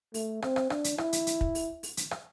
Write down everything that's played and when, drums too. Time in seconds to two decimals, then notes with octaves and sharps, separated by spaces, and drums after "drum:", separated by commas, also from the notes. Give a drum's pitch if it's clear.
0.14 A3, drum: open hi-hat
0.42 C4, drum: rim click
0.56 drum: rim click
0.70 D4, drum: rim click
0.84 drum: hi-hat
0.98 E4, drum: rim click
1.13 drum: hi-hat
1.27 drum: hi-hat
1.41 drum: kick
1.55 drum: open hi-hat
1.83 drum: open hi-hat
1.97 drum: hi-hat
2.11 drum: rim click